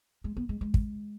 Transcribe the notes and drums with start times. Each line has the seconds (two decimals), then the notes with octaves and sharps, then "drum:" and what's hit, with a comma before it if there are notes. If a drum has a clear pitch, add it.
0.24 G#3
0.37 B3
0.49 G#3
0.61 G#3
0.74 drum: kick